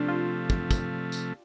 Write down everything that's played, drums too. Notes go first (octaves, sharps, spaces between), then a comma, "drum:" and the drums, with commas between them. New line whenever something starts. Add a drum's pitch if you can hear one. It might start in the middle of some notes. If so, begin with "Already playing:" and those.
Already playing: C3 F3 A3 D4 G4
F4
drum: kick
drum: kick, tambourine
drum: tambourine